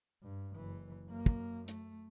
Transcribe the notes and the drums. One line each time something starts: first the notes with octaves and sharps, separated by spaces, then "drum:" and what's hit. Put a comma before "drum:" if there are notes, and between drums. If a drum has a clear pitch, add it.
G2
F#1 E3
F#2 A#3
drum: kick
A3, drum: hi-hat